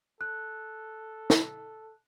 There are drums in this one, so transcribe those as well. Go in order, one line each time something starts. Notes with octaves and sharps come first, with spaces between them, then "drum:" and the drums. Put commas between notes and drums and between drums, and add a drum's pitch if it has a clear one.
A4 F#6
drum: snare